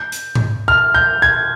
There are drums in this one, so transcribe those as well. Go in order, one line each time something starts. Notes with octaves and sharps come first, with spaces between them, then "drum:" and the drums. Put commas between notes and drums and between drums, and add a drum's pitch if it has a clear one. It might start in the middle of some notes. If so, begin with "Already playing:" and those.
Already playing: G6
drum: hi-hat
drum: tom G#2
F6
G6
G#6